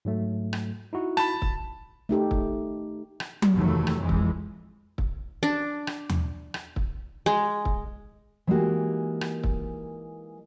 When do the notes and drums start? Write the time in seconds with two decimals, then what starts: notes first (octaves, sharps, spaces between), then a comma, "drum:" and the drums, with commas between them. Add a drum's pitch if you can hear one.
0.05 G#2 F#3 A3
0.53 drum: rim click
0.93 D#4 E4 F#4
1.17 A5 B5, drum: rim click
1.42 drum: kick
2.09 A3 D#4 G4 A4
2.31 drum: kick
3.20 drum: rim click
3.42 drum: tom F#3
3.53 F1 D#2 E3 F#3 A3
3.87 drum: rim click
4.00 F2 E3 G#3
4.09 drum: kick
4.98 drum: kick
5.43 D4
5.87 drum: rim click
6.09 drum: tom D#2
6.54 drum: rim click
6.76 drum: kick
7.26 G#3
7.65 drum: kick
8.47 E3 G#3 A#3 D#4 F#4 G4
9.21 drum: rim click
9.44 drum: kick